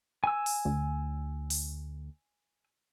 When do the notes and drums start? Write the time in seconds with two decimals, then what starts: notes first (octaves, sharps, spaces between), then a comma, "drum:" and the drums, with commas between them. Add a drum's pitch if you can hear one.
0.24 G#5 E6
0.46 drum: open hi-hat
0.65 D2
1.50 drum: open hi-hat